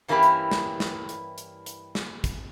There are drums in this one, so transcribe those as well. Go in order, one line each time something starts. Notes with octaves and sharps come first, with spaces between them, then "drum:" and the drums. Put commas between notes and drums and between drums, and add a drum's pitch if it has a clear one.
G2 E3 A#3 C#4 E4 G4
drum: hi-hat
drum: snare
drum: snare
drum: hi-hat
drum: hi-hat
drum: hi-hat
drum: snare
drum: kick, hi-hat